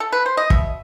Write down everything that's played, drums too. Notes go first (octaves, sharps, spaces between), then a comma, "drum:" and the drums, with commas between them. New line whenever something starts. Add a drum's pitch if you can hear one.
A4
B4
C5
D#5
B2 E5, drum: kick